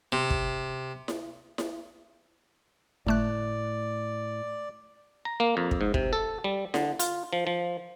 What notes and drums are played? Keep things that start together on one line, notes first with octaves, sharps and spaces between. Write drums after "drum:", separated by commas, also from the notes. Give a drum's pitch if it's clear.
C3
drum: kick
drum: snare E4
drum: snare E4
G1 A2 A3 D5 F#6
A#5
A#3
F2
drum: kick
G#2
C3, drum: kick
A4
G3
D3, drum: snare E4
F4, drum: hi-hat
F3
F3